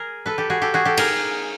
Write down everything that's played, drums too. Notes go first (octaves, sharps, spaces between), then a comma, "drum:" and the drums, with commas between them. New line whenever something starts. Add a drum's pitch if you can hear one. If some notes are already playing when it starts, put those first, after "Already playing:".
Already playing: G#4 A#4
A4 B4
G4 A4
F#4 G#4
G4 A4
F#4 G#4
G4 A4
G#4 A#4, drum: cymbal